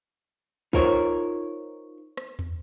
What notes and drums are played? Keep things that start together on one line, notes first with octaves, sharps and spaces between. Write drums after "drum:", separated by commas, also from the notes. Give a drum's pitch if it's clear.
D#4 F4 A#4 C5 C#5, drum: kick
drum: rim click
drum: tom E2